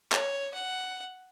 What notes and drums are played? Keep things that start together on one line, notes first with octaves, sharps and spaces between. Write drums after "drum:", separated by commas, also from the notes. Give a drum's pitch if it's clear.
C#5, drum: clap
F#5